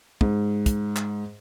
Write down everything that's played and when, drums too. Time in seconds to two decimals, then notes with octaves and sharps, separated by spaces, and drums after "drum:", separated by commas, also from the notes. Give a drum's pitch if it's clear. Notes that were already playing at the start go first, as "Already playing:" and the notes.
0.21 G#2, drum: kick
0.66 drum: kick, hi-hat
0.96 drum: clap